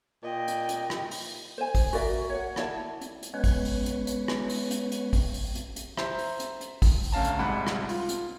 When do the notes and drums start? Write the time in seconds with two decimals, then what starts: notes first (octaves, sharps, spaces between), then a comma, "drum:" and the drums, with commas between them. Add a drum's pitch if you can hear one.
0.23 A#2 D#5 G5
0.48 drum: hi-hat
0.69 drum: hi-hat
0.90 drum: rim click
1.11 drum: open hi-hat
1.58 C5 G#5
1.75 drum: kick A1, open hi-hat
1.93 F#4 A#4 D5 E5, drum: open hi-hat
2.30 C#5 F#5
2.56 E4 D5 E5 A5, drum: rim click
3.01 drum: hi-hat
3.23 drum: hi-hat
3.34 G#3 B3 C#4 B4 C#5
3.44 drum: kick A1, open hi-hat
3.65 drum: open hi-hat
3.86 drum: hi-hat
4.07 drum: hi-hat
4.28 drum: rim click
4.49 drum: open hi-hat
4.71 drum: hi-hat
4.92 drum: hi-hat
5.13 drum: kick A1, open hi-hat
5.34 drum: open hi-hat
5.55 drum: hi-hat
5.76 drum: hi-hat
5.97 C5 E5 A#5, drum: rim click
6.19 drum: open hi-hat
6.40 drum: hi-hat
6.61 drum: hi-hat
6.82 drum: kick A1, open hi-hat
7.03 drum: open hi-hat
7.12 D2 C#4 F5 A5 A#5
7.24 drum: hi-hat
7.39 C2 G#2 F#5 B5
7.67 drum: rim click
7.89 F4, drum: open hi-hat
8.09 drum: hi-hat